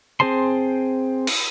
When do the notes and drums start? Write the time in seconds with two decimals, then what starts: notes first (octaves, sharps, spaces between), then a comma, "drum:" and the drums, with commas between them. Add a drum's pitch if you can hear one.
0.20 C4 G#4 C5 A5 C6
1.27 drum: cymbal